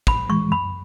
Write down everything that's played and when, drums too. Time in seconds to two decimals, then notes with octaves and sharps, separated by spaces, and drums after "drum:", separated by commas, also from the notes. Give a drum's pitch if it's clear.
0.07 A2 B5, drum: kick
0.29 E3 G#3 C#6
0.51 F#2 B5